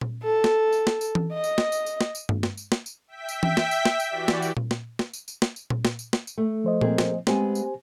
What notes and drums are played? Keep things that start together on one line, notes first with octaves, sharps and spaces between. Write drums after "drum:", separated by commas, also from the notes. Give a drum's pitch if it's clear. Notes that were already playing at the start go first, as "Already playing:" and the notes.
drum: tom A#2
A4
drum: snare
drum: tambourine
drum: snare
drum: tambourine
drum: tom E3
D#5
drum: tambourine
drum: snare
drum: tambourine
drum: tambourine
drum: snare
drum: tambourine
drum: tom G2
drum: snare
drum: tambourine
drum: snare
drum: tambourine
E5 G5 B6
drum: tambourine
drum: tom E3
drum: snare
drum: tambourine
drum: snare
drum: tambourine
E3 F#4 G4 D5
drum: snare
drum: tambourine
drum: tom A#2
drum: snare
drum: snare
drum: tambourine
drum: tambourine
drum: snare
drum: tambourine
drum: tom A#2
drum: snare
drum: tambourine
drum: snare
drum: tambourine
A3
F3 C5 D#5
A#3 C4 G#4, drum: tom A#2
drum: snare
G#3 B3 C4 G4 C5 G#5, drum: snare
drum: tambourine